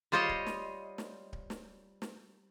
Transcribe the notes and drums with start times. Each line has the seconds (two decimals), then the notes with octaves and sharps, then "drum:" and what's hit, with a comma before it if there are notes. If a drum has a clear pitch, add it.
0.12 G3 F4 C5 C#5 D#5
0.29 drum: kick D1
0.46 drum: snare
0.98 drum: snare
1.33 drum: kick D1
1.50 drum: snare
2.02 drum: snare